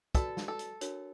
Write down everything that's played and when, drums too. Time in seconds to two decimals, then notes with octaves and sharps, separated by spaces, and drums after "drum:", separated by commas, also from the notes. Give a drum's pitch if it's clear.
0.15 F#4 A4 B4 D5, drum: kick, hi-hat
0.37 drum: snare
0.48 A4
0.59 drum: hi-hat
0.81 D4 F#4 A#4 C#5, drum: hi-hat